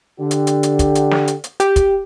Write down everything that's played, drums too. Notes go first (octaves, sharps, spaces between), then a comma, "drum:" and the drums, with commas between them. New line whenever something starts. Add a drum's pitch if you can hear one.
D3 G4
drum: hi-hat
drum: hi-hat
drum: hi-hat
drum: kick, hi-hat
drum: hi-hat
drum: snare
drum: hi-hat
drum: hi-hat
G4, drum: hi-hat
drum: kick, hi-hat